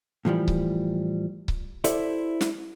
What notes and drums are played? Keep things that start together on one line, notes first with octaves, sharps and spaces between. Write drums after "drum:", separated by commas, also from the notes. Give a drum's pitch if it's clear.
A2 E3 F3 G3
drum: kick C#1
drum: kick C#1
E4 G4 A4 C5 D5 E5, drum: hi-hat
drum: snare